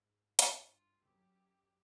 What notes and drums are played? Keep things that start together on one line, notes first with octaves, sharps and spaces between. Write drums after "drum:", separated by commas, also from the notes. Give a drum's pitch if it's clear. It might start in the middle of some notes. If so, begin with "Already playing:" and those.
Already playing: G#2
G2, drum: hi-hat
F4
F#2 G4